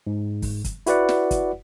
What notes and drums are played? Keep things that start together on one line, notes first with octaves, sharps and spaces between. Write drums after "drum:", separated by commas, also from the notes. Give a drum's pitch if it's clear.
G#2
drum: kick, open hi-hat
drum: kick, hi-hat
E4 F#4 B4 D5 F#5, drum: hi-hat
drum: snare
drum: kick, hi-hat